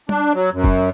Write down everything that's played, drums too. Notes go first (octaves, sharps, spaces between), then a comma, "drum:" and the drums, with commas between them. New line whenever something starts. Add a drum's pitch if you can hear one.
D4, drum: tom G3
F#3
F#2
drum: kick